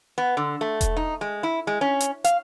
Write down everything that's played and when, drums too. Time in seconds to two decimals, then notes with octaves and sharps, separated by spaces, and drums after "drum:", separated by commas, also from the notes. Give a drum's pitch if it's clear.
0.18 B3
0.37 D3
0.61 A3
0.81 drum: kick E1, hi-hat
0.97 D#4
1.21 G#3
1.43 E4
1.67 G#3
1.81 C#4
2.00 drum: hi-hat
2.24 F5, drum: hi-hat